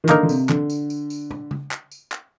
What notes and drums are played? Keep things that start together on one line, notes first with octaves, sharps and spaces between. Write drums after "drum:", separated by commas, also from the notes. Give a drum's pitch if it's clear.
D#3
D3 A#3 D#4 A#4, drum: clap
D3
C3, drum: tambourine
D3, drum: clap
drum: tambourine
drum: tambourine
drum: tambourine
drum: tom
drum: tom C#3
drum: clap
drum: tambourine
drum: clap